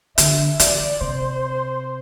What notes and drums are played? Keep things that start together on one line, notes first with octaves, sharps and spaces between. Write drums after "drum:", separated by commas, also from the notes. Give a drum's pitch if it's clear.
D3 E5, drum: hi-hat
E3 D5, drum: hi-hat
C3 C5